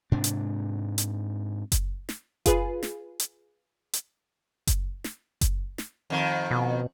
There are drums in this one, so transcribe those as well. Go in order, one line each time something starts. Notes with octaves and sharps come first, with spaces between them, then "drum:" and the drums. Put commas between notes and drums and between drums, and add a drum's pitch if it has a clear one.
G#2 C3 D4
drum: hi-hat
drum: hi-hat
drum: kick F#1, hi-hat
drum: snare
F4 G#4 B4, drum: kick F#1, hi-hat
drum: snare
drum: hi-hat
drum: hi-hat
drum: kick F#1, hi-hat
drum: snare
drum: kick F#1, hi-hat
drum: snare
F2 D#3
B2